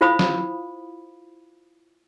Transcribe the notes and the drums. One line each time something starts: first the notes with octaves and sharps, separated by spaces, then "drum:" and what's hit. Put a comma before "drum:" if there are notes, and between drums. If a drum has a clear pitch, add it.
E4 F4 C5 F5 B5 D#6
drum: snare